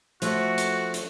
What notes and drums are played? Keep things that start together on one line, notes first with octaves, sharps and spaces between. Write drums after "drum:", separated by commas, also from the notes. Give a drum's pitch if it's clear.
F3 A3 F#4, drum: hi-hat
drum: hi-hat
drum: hi-hat